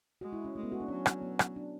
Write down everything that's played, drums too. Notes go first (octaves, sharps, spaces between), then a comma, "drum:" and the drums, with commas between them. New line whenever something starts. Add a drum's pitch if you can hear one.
G#3 F#4
E4
C#4
G#3 A3
B3
F#4
D4
F#3 C#4
drum: rim click
B3
drum: rim click
D4